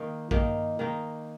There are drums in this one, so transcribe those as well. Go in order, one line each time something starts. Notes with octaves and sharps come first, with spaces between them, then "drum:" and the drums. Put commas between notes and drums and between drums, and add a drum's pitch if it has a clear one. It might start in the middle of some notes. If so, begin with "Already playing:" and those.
Already playing: D#3 A#3 D#4
D#3 A#3 D#4, drum: kick
D#3 A#3 D#4